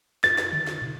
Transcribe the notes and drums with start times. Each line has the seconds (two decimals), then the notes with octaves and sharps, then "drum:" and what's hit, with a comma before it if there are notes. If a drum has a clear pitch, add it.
0.24 A6, drum: snare
0.38 drum: snare
0.53 drum: tom C#3
0.67 drum: snare
0.82 drum: tom